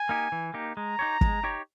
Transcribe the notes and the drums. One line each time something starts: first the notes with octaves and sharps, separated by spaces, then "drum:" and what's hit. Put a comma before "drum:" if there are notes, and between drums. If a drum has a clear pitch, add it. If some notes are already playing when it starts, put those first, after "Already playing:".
Already playing: G#5
A#3 D#4 G4
E3
A#3 D#4 G4
G#3 A#5
D#4 G4 C#5
G#3, drum: kick
D#4 G4 C#5